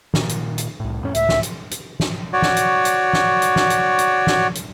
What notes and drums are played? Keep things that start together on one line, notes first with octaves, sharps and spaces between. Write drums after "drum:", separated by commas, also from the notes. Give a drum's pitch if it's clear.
A#2 D#3, drum: snare
drum: hi-hat
drum: hi-hat
C2 A2
F2 A2 C#4
C#2 A2 E5, drum: hi-hat
drum: snare
drum: hi-hat
drum: hi-hat
drum: snare
F#4 C#5 D5
drum: snare
drum: hi-hat
drum: hi-hat
drum: snare
drum: hi-hat
drum: snare
drum: hi-hat
drum: hi-hat
drum: snare
drum: hi-hat